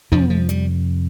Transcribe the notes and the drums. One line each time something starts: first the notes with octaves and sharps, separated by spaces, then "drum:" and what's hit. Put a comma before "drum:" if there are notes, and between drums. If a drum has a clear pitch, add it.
F2 C3 F3, drum: tom
F3
G3, drum: hi-hat